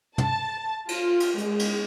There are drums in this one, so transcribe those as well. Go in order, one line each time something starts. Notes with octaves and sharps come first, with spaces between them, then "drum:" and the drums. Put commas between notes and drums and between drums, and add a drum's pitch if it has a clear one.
A5, drum: tom
F4, drum: cymbal
drum: cymbal
G#3, drum: hi-hat
drum: cymbal